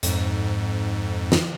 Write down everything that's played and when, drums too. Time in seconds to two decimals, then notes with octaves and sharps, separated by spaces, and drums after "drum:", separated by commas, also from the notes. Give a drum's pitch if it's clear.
0.03 F2 G#2, drum: hi-hat
1.32 drum: snare